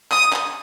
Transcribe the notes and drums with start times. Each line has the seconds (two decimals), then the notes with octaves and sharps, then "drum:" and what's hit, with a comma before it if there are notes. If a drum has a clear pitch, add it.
0.11 D#6, drum: clap
0.33 drum: clap